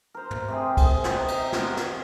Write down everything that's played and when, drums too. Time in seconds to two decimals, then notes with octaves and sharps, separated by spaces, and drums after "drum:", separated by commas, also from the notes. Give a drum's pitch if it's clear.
0.14 A#4 C5
0.31 drum: tom
0.48 C3 C4 G#4
0.77 G#4, drum: kick, cymbal
1.04 drum: snare
1.16 D#5 A#5
1.28 drum: cymbal
1.53 A#4 F#5, drum: snare
1.77 drum: snare